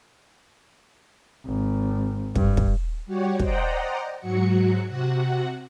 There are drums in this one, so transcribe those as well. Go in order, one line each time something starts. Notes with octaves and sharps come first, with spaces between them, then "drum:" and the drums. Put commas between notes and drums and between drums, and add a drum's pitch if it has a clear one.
G#1
G2, drum: kick
drum: kick
G3 F#4 G4 C#5
C5 D5 D#5 F#5 G5 A#5, drum: kick
G#2 F#3 F#4 C#7
C3 F#4 F#5